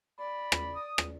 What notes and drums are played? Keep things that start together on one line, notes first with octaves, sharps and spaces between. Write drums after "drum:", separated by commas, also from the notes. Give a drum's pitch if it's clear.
D5 B5
drum: rim click
D#6
drum: rim click